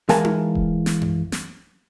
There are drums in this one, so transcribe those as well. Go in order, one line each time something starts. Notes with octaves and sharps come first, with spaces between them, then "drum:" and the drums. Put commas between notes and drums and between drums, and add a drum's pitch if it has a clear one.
E3 G#3 A#4 F5 G#5 A5, drum: snare
drum: tom D#4
drum: kick D#1
drum: snare
drum: tom F#2
drum: snare